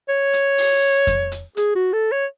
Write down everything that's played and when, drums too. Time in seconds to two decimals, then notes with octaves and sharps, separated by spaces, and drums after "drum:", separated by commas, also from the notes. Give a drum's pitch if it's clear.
0.09 C#5
0.33 drum: hi-hat
0.58 drum: open hi-hat
1.07 drum: kick F2, hi-hat
1.32 drum: hi-hat
1.57 G#4, drum: hi-hat
1.75 F#4
1.93 A4
2.12 C#5